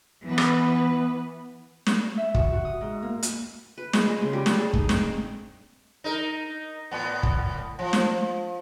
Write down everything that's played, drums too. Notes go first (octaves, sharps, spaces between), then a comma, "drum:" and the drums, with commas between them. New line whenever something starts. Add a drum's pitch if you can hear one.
E3 B3 B4
drum: rim click
drum: snare
E5
F#4, drum: kick
F#4
D#6
G#2
A#3
drum: hi-hat
B4
G#3, drum: snare
G#3
C#3
G3
A4, drum: snare
G#4
D#4, drum: kick
C4, drum: snare
D#4 A#4
A2 B3
drum: kick
F3
drum: snare